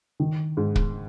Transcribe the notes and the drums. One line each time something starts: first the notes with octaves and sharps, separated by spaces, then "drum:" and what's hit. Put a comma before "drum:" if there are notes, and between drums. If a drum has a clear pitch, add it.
D#3
G#2
drum: kick